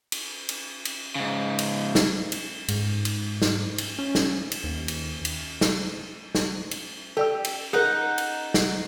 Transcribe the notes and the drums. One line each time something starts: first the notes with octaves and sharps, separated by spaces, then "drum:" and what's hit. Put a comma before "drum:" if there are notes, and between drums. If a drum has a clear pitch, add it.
drum: cymbal
drum: cymbal
drum: cymbal
G#2 C#3
drum: cymbal
drum: snare
drum: cymbal
G#2, drum: cymbal
drum: cymbal
drum: snare
drum: cymbal
C#4
drum: snare
drum: cymbal
D#2
drum: cymbal
drum: cymbal
drum: snare
drum: snare
drum: cymbal
G4 A4 D5 E6
drum: cymbal
D#4 G#4 A#4 F#5
drum: cymbal
drum: snare